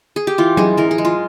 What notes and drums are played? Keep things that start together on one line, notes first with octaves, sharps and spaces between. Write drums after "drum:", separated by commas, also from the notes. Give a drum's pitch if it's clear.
G#4
G4
E3 F4
G#3 G#4, drum: tom F#3
E3 A#4
G#4
G#3
F4